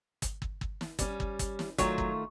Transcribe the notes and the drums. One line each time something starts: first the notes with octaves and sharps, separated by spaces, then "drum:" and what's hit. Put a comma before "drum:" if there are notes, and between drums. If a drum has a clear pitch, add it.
drum: kick, hi-hat
drum: kick
drum: kick
drum: snare
G3 C#4, drum: kick, hi-hat
drum: kick
drum: kick, hi-hat
drum: snare
D#3 F#3 A3 F4, drum: kick, hi-hat
drum: kick